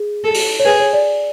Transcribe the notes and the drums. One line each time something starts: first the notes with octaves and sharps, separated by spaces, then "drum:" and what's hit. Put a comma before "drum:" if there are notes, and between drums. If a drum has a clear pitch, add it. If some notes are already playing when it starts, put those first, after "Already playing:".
Already playing: G#4
A4
drum: open hi-hat
C#5
G#4 B4
C#5
D5